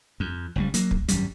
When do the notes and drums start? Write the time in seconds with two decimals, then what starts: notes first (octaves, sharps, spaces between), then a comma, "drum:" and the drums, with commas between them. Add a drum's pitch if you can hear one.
0.20 F2
0.56 F#1 C#2 G3
0.74 F#3 A#3, drum: hi-hat
0.91 drum: kick
1.08 G#1 F#2 G3, drum: hi-hat